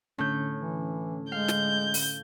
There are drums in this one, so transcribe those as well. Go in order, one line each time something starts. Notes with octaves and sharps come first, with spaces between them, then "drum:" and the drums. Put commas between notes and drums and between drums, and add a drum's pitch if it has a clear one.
A2 D3 C#4 G6
E3
G#3 F5 G6
drum: snare
drum: open hi-hat